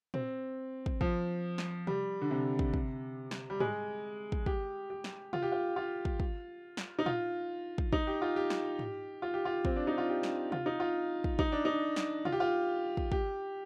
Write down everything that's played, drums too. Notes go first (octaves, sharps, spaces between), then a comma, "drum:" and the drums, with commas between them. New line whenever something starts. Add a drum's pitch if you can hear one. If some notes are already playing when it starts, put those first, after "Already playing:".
C4, drum: tom A#2
drum: kick
F3, drum: kick
drum: snare
G3, drum: tom C3
D3
C3
drum: kick
drum: kick
drum: snare
G3
G#3, drum: tom G#2
drum: kick
G4, drum: kick
G4
drum: snare
F4, drum: tom C3
G4
F4
F4
drum: kick
drum: kick
drum: snare
D#4
F4, drum: tom A#2
drum: kick
D#4, drum: kick
G4
F4
G4
drum: snare
drum: tom G#2
F4
G4
F4
C4, drum: kick
D4
D#4
F4
G4
drum: snare
F4, drum: tom C3
D#4
F4
drum: kick
D#4, drum: kick
D4
D#4
drum: snare
F4, drum: tom C3
G4
F4
drum: kick
G4, drum: kick